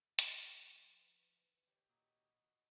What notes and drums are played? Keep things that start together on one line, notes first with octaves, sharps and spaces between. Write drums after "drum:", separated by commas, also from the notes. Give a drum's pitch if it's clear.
F3 D#4 B4 C5, drum: hi-hat
D#3 G4 C#5
A#2 F#4 D#5 B5 D#6